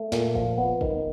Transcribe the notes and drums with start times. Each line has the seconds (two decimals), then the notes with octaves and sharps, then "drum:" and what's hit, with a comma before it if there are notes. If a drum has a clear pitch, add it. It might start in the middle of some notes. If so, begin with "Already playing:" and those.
Already playing: A3
0.12 A#2, drum: snare
0.35 F3, drum: kick
0.58 B3
0.81 D#3, drum: kick